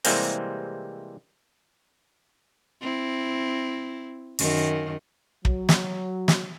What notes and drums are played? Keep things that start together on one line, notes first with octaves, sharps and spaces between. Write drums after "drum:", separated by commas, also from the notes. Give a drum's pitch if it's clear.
C3 E3 G3 G#3 A#3 C4, drum: open hi-hat
C4 E4
F#2 D#3, drum: open hi-hat
F#3, drum: kick
drum: snare
drum: snare